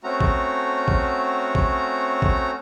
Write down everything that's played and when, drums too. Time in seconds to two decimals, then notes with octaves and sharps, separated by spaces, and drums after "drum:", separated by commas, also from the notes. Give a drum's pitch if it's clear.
0.04 A3 C4 C#4 F#4 A#5
0.21 drum: kick
0.88 drum: kick
1.55 drum: kick
2.22 drum: kick